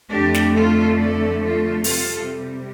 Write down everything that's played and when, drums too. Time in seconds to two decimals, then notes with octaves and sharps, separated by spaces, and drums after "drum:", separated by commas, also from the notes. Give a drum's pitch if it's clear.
0.10 F2 D3 A3 D4 G4
0.34 drum: snare
0.54 F4 A4
0.97 A4 D5
1.41 F4 A4
1.84 C3 G3 F4 A4, drum: open hi-hat